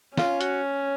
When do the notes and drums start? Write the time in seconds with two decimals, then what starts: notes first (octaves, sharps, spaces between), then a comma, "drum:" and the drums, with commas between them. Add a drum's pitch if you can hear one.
0.17 C#4 F4, drum: snare
0.41 F#4, drum: hi-hat